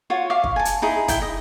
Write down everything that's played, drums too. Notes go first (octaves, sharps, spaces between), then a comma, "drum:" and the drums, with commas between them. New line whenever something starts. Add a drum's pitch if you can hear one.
F4 F#4 C#5
E5 F5 C#6 D6
drum: kick
G#5 A5
drum: hi-hat
D#4 E4 G#4
E4 G5, drum: kick, hi-hat
D#5